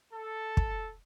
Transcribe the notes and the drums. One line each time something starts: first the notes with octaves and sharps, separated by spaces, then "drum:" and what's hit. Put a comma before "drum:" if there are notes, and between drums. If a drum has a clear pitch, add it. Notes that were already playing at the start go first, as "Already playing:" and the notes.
A4
drum: kick